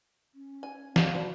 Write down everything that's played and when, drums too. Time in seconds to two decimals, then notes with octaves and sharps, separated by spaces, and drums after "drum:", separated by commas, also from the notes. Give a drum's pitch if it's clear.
0.35 C#4
0.63 G#5
0.96 A#3 D4 F5 F#5, drum: snare
1.14 G3 D4 F#4 C5